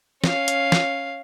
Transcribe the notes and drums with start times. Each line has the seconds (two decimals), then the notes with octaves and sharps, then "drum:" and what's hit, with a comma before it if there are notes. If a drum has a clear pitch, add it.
0.24 C#4 F5, drum: snare
0.48 drum: hi-hat
0.72 drum: snare